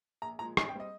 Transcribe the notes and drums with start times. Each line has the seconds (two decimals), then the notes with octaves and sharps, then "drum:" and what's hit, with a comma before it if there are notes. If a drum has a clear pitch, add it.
0.22 A#1 A#5
0.39 A#2 F3 G#3 A#5
0.57 G#1 G#5, drum: rim click
0.69 G5
0.75 G3 C4 D#5